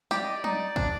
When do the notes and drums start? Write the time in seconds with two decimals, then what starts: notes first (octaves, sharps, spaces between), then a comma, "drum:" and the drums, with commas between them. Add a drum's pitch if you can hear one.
0.11 G4 D5, drum: snare
0.24 D#5
0.36 D5
0.44 D#4, drum: tom F#3
0.76 D4, drum: kick A#1